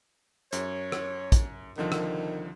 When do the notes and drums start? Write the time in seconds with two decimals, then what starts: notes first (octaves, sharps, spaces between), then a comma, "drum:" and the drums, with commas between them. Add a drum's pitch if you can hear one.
0.53 F#2 C#5, drum: hi-hat
0.92 drum: rim click
1.32 drum: kick, hi-hat
1.78 C2 D3 D#3 F3
1.92 drum: rim click